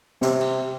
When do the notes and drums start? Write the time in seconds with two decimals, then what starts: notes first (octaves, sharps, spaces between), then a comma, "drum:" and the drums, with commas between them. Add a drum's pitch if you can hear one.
0.21 C3, drum: snare
0.41 drum: cymbal